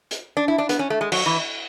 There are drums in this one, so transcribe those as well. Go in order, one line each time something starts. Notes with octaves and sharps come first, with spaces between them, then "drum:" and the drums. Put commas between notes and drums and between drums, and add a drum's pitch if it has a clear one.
drum: hi-hat
D4
E4
D4
B3, drum: hi-hat
C#4
A3
G#3
F#3, drum: cymbal
E3